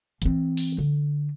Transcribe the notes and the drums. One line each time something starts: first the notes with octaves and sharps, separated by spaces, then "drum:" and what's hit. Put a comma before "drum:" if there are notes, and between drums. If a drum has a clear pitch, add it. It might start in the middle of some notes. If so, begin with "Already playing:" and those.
E3 C4, drum: hi-hat
drum: open hi-hat
D3